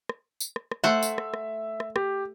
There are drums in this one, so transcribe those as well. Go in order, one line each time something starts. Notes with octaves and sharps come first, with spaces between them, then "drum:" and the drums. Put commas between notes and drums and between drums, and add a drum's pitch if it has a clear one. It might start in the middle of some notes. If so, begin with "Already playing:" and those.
drum: rim click
drum: tambourine
drum: rim click
drum: rim click
A3 C5 E5 F#5
drum: tambourine
drum: rim click
drum: rim click
drum: rim click
G4, drum: rim click